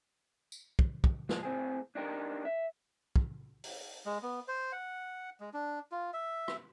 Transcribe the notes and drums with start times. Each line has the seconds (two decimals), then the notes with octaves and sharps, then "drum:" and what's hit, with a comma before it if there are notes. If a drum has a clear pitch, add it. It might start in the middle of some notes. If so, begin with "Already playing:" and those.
0.52 drum: tambourine
0.79 drum: kick
1.04 drum: kick
1.29 F3 G#3, drum: snare
1.43 A2 C4 G#4
1.95 D4 D#4 G4 A#4
2.45 E5
3.16 drum: kick
3.64 drum: open hi-hat
4.06 G#3
4.23 B3
4.48 C5
4.72 F#5
5.40 G#3
5.54 D4
5.92 F4
6.13 E5
6.48 drum: rim click